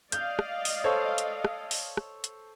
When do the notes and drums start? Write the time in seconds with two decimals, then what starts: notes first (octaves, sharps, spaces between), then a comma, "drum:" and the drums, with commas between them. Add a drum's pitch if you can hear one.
0.12 D5 D#5 F5 G6, drum: hi-hat
0.39 drum: rim click
0.65 drum: open hi-hat
0.84 A4 C5 C#5
1.18 drum: hi-hat
1.45 drum: rim click
1.71 drum: open hi-hat
1.97 drum: rim click
2.24 drum: hi-hat